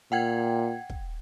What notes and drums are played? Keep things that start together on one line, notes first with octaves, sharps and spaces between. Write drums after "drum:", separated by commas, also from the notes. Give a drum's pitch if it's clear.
A#2 F#5 G5 G#6
drum: kick